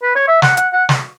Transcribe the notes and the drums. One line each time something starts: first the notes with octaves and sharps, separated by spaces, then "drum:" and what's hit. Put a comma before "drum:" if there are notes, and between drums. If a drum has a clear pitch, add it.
B4
C#5
E5
F#5, drum: snare
F#5, drum: hi-hat
F#5
drum: snare